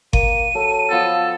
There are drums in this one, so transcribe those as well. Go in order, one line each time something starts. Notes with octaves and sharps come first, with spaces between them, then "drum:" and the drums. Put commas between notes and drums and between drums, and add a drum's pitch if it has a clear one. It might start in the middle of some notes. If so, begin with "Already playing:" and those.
A#3 D#7, drum: kick G1
F#3 A4
F3 B3 A4 G5